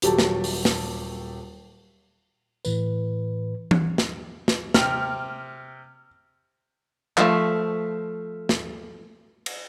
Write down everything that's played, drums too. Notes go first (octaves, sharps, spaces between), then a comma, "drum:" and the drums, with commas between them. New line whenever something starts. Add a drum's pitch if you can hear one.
D#1 F#3 G4 A4 A5, drum: hi-hat
drum: snare
drum: open hi-hat
drum: snare
A2 E3 B4, drum: tambourine
drum: tom E3
drum: snare
drum: snare
C3 G5 F6, drum: snare
F3 A3, drum: clap
drum: snare
drum: cymbal